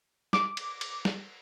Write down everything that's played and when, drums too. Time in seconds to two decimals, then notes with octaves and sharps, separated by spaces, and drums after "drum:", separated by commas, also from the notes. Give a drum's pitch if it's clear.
0.33 D6, drum: snare
0.57 drum: cymbal
0.81 drum: cymbal
1.05 drum: snare